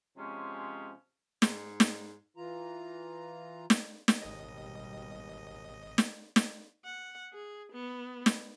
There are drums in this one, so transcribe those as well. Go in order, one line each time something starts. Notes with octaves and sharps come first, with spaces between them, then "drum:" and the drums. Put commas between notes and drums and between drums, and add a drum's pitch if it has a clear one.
C3 F3 G#3 C#4
G#2, drum: snare
drum: snare
E3 F4 A#5
drum: snare
drum: snare
G#1 D#2 B2 G3 D#5
drum: snare
drum: snare
F#5
G#4
B3
drum: snare